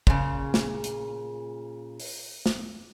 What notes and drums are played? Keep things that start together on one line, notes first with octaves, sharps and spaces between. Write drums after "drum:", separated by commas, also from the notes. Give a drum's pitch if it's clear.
A#2 C#3, drum: kick
drum: snare
drum: hi-hat
drum: open hi-hat
drum: snare